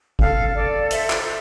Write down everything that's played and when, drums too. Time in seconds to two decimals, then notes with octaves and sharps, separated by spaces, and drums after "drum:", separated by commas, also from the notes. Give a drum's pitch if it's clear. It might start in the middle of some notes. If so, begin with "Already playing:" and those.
0.19 A4 F5, drum: kick
0.55 A4 D5
0.91 C5 E5, drum: hi-hat
1.10 drum: clap